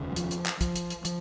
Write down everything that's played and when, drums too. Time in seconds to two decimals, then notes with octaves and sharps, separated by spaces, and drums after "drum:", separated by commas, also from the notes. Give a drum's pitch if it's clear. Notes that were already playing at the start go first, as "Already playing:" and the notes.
Already playing: F1 D#2 C#3
0.12 F#3
0.16 F3, drum: hi-hat
0.31 drum: hi-hat
0.46 drum: clap
0.61 F3, drum: kick, hi-hat
0.76 drum: hi-hat
0.90 drum: hi-hat
1.05 F3, drum: hi-hat